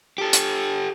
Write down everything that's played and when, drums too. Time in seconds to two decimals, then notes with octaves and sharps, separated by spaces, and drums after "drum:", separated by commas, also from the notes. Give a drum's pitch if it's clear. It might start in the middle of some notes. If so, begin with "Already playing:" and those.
0.18 G4 A4
0.33 drum: hi-hat